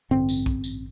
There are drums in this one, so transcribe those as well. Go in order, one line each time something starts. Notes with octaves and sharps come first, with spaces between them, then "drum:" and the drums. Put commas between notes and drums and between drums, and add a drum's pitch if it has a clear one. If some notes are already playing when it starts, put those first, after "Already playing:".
A1 G2 D3 C4
drum: tambourine
drum: kick
drum: tambourine